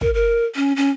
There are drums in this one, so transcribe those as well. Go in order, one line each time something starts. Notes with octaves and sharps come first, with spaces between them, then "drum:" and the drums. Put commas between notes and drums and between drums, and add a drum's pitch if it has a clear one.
A#4, drum: kick
A#4
C#4
C#4